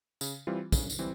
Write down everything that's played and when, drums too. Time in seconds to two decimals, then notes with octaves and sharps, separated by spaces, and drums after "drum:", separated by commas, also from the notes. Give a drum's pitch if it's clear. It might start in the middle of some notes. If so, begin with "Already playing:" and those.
0.21 C#3, drum: tambourine
0.47 E3 G3 C4 F4
0.72 C#3, drum: kick, tambourine
0.90 drum: tambourine
0.99 E3 G3 C4